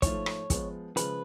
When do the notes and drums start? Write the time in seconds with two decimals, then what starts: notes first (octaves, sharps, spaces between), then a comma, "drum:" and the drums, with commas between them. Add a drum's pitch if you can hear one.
0.02 G#2 F3 A3 C#5, drum: kick, hi-hat
0.26 drum: rim click
0.50 F3 G#3 B3, drum: kick, hi-hat
0.97 C#3 F3 G#3 B4, drum: hi-hat